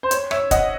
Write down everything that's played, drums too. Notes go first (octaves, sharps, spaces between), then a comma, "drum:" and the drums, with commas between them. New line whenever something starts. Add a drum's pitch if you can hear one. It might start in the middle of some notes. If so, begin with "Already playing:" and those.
C5
C#5, drum: hi-hat
C#5 E5, drum: rim click
D#5 F#5, drum: kick, hi-hat